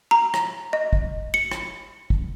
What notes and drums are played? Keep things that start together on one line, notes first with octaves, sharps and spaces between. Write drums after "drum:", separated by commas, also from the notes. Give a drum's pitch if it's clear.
A#5
drum: rim click
D#5
drum: kick
C#7
drum: rim click
drum: kick